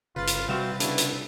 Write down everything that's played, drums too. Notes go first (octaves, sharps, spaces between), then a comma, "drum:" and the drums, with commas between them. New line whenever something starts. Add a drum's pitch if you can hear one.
G1 C#3 F4 B4 A6
drum: hi-hat
C3 G3 C4 F#4 E5 F5
C#3 B3 D4 E4, drum: hi-hat
drum: hi-hat